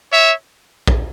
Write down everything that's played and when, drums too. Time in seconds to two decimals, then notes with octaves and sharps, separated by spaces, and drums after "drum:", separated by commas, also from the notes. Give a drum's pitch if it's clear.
0.11 C#5 E5
0.88 drum: kick A#1